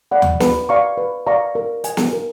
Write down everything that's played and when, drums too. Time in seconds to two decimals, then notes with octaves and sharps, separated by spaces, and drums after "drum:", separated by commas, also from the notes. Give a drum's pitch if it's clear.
0.11 D5 F#5 B5
0.22 drum: tom D#2
0.40 B4, drum: snare
0.69 D5 F5 A#5 C#6
0.97 B4
1.27 D5 F5 A#5 C#6
1.55 A#4
1.84 D#5 G#5, drum: hi-hat
1.97 drum: snare
2.13 A#4